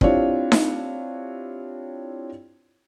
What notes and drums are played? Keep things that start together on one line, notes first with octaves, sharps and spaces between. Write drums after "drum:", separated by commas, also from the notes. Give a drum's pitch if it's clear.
C4 D4 E4 F4 G4 C#5, drum: kick
drum: snare D#4